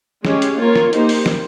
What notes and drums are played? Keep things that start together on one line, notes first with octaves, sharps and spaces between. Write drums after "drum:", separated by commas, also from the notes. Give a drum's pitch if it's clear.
G#3 C#4 G4 C#5, drum: snare
drum: hi-hat
A#3 F4 A#4 C#5
drum: snare
A#3 D#4 G4 C5, drum: hi-hat
drum: open hi-hat
drum: snare